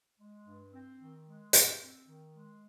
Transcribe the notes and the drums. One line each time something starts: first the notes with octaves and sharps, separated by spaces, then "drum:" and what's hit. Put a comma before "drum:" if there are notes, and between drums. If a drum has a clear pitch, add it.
G#3
G2
C4
D#3
G#3
G2, drum: hi-hat
C4
D#3
G#3